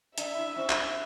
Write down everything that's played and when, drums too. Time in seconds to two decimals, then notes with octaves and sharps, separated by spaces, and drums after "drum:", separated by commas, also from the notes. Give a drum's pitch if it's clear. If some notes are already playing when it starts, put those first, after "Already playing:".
0.18 D4 E5, drum: hi-hat
0.37 E4
0.47 D4
0.56 C4
0.70 drum: clap